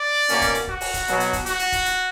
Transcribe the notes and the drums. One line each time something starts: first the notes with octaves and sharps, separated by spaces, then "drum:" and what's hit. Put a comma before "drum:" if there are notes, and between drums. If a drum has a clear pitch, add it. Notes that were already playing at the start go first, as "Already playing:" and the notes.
Already playing: D5
B2 A#3 C#4, drum: hi-hat
drum: kick, hi-hat
drum: hi-hat
F#4, drum: kick
drum: open hi-hat
drum: kick, hi-hat
B2 F#3 B3, drum: hi-hat
drum: hi-hat
drum: kick, hi-hat
F#4, drum: hi-hat
drum: hi-hat
drum: kick, hi-hat
drum: hi-hat